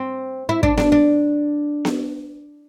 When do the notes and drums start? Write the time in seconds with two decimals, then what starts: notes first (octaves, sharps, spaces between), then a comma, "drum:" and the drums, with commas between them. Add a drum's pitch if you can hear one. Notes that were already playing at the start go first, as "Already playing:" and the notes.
Already playing: C4
0.49 E4
0.63 D4, drum: kick
0.78 D4, drum: snare B3
0.92 D4
1.85 drum: snare B3